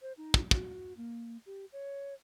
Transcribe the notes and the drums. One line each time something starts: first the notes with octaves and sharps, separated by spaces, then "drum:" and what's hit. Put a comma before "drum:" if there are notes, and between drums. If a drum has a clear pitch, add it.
C5
D#4
drum: kick
F#4, drum: kick
A#3
G4
C#5